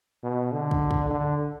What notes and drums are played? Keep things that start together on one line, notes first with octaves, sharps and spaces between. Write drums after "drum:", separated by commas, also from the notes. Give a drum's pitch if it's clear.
B2
D3
drum: kick
drum: kick
D3